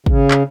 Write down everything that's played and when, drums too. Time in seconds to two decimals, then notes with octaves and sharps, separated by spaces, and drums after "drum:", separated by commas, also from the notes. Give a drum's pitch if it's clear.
0.06 C#3, drum: kick
0.31 drum: clap